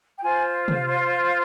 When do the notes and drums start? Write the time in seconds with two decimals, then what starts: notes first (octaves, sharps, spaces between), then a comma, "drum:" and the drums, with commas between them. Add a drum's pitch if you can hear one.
0.18 G5
0.22 F4 C5 G#5
0.68 drum: tom C3
0.85 C6